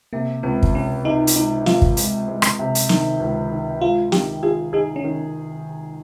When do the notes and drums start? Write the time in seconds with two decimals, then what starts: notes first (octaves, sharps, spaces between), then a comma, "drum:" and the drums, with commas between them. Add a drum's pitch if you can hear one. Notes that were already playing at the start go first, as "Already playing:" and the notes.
0.13 C3 A#3
0.43 C#2 C4
0.63 drum: kick
0.74 C3 C#4
1.05 C3 D#4
1.27 drum: hi-hat
1.36 G#3 D#4
1.66 G#3 F4, drum: snare
1.82 drum: kick
1.97 G#3, drum: hi-hat
2.28 G#3
2.42 drum: rim click
2.59 C3
2.75 drum: hi-hat
2.89 D#3, drum: snare
3.20 C#2
3.50 D#3
3.81 G#3 F4
4.12 D#3 G4, drum: snare
4.43 F4 G#4
4.73 D#4 G#4
4.96 C#4
5.04 D#3